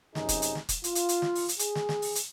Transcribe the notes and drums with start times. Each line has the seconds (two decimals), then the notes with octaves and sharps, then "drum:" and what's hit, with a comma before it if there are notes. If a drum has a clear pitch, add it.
0.15 F#2 C3 D#4 G#4, drum: snare
0.29 drum: kick, hi-hat
0.42 drum: hi-hat
0.55 drum: snare
0.69 drum: kick, hi-hat
0.84 F4, drum: hi-hat
0.95 drum: hi-hat
1.09 drum: hi-hat
1.22 drum: snare
1.35 drum: open hi-hat
1.49 drum: hi-hat
1.59 G#4, drum: hi-hat
1.75 drum: snare
1.89 drum: snare
2.02 drum: open hi-hat
2.15 drum: hi-hat